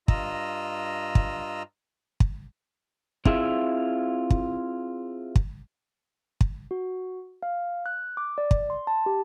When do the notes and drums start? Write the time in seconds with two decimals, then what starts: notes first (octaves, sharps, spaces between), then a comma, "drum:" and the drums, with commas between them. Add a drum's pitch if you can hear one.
0.08 G2 F4 D#5 A#5 E6, drum: kick
1.15 drum: kick
2.20 drum: kick
3.25 C4 E4 F4 G#4 E5, drum: kick
4.30 drum: kick
5.36 drum: kick
6.41 drum: kick
6.71 F#4
7.43 F5
7.86 F#6
8.17 D6
8.38 D5
8.51 drum: kick
8.70 C6
8.87 A5
9.06 G4